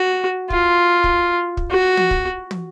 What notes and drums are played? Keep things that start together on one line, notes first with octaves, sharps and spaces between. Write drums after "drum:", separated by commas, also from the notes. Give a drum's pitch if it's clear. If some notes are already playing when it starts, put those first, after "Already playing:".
Already playing: F#4
F4, drum: kick
drum: kick
drum: kick
F#4
drum: tom
drum: kick
drum: tom